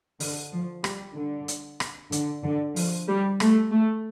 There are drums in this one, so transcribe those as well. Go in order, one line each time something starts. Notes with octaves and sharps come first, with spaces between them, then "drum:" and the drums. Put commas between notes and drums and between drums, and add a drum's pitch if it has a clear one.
D3, drum: open hi-hat
F3
G3, drum: rim click
D3
drum: hi-hat
drum: rim click
D3, drum: hi-hat
D3
F3, drum: open hi-hat
G3
A3, drum: rim click
A3